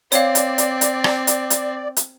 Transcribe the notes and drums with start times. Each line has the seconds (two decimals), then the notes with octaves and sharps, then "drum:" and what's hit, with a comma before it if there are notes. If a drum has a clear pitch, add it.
0.12 C4 C#5 D5 F5, drum: hi-hat
0.35 drum: hi-hat
0.58 drum: hi-hat
0.81 drum: hi-hat
1.04 drum: rim click
1.27 drum: hi-hat
1.50 drum: hi-hat
1.97 drum: hi-hat